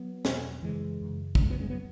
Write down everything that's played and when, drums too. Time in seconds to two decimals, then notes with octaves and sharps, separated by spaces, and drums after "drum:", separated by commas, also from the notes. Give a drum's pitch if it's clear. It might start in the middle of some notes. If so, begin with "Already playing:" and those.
Already playing: F#3 B3
0.25 E2 B2, drum: snare
0.62 F#2 C#3 E3 G#3
1.02 F#2 C#3
1.35 B3, drum: kick
1.40 F#2 C#3 G#3 C#4
1.50 F#3 B3
1.60 G#3 C#4
1.70 F#3 B3